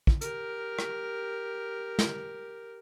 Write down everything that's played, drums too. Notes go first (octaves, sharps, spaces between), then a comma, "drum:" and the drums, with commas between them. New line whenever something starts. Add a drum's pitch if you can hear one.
drum: kick
G4 A#4, drum: hi-hat
drum: rim click
drum: snare